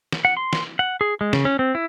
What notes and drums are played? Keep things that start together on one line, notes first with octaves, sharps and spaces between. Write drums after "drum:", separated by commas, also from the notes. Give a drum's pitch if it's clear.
drum: snare
F#5
C6
drum: snare
F#5
G#4
G#3
C#3, drum: snare
C#4
C4
E4